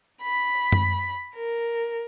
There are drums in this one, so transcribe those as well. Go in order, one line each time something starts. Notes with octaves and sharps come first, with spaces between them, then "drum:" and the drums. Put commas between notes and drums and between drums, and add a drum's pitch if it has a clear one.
B5
drum: tom F#2
A#4